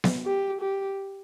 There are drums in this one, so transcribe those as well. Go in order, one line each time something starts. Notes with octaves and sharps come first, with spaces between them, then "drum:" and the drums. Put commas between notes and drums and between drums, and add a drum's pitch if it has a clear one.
drum: snare B3
G4
G4